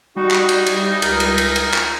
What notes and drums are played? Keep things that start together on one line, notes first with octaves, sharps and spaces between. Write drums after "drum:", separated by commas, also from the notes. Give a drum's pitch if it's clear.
G3 D#4 F#4
drum: clap
drum: cymbal
drum: cymbal
C#2 A#4, drum: cymbal
drum: cymbal
drum: cymbal
drum: cymbal
drum: clap